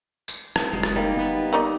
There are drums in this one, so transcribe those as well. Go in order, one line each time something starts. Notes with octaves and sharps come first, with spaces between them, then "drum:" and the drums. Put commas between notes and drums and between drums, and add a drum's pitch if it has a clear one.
drum: tambourine
drum: rim click
F#1 G#3
drum: rim click
G3 A#3 D#4
B3
D#3 D#4 D5